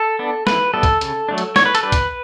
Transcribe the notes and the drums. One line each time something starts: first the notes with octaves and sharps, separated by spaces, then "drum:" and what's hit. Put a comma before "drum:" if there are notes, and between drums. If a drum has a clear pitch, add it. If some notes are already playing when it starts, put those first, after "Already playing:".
Already playing: A4
B3 D4
E3 B4, drum: snare
G3 B3 E4 A4
drum: kick B1, hi-hat
C#3, drum: hi-hat
F#3 A3 D4
drum: hi-hat
D3 C#5, drum: snare
B4
A4, drum: hi-hat
G3 D4 B4
drum: kick B1, hi-hat